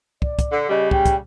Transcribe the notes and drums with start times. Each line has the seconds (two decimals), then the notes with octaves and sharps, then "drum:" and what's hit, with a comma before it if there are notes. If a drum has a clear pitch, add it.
0.22 D5, drum: kick
0.39 drum: kick, hi-hat
0.51 D3
0.68 C#3 G3 D#5
0.91 G5, drum: kick
1.06 drum: kick, hi-hat